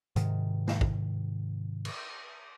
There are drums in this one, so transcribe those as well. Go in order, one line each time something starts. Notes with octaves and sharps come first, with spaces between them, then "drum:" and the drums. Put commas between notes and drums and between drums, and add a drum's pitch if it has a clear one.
G#2 C3 D#3, drum: hi-hat
drum: snare
drum: kick
drum: cymbal